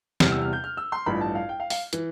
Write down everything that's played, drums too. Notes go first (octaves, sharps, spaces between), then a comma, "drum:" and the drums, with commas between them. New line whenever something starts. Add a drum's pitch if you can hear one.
E2 C3 G3 F6, drum: snare
E6
F6
G6
F6
E6
C6
A1 G2 F3 B5
A5
F5
G5
F5
F5, drum: open hi-hat
E3, drum: hi-hat